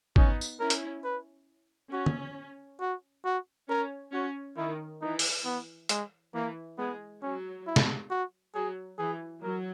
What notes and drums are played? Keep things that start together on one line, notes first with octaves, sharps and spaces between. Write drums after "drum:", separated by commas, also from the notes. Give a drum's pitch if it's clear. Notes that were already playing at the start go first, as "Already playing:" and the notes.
B3 C#4 D#4, drum: kick
drum: tambourine
C#4 E4 A#4
drum: hi-hat
B4
C#4 F#4
drum: tom
F#4
F#4
C#4 A#4
C#4 F#4
D#3 E4
E3 D#4
drum: open hi-hat
B3
G#3, drum: hi-hat
E3 A#3
G#3 B3
F#3 C#4
E4
drum: snare
F#4
F#3 G#4
E3 G#4
F#3 A#4